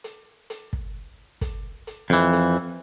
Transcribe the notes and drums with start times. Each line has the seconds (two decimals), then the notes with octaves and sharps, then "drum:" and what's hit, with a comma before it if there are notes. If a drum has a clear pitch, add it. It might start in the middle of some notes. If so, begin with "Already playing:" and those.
0.04 drum: hi-hat
0.50 drum: hi-hat
0.73 drum: kick
1.41 drum: kick, hi-hat
1.87 drum: hi-hat
2.10 F2 E3
2.33 drum: hi-hat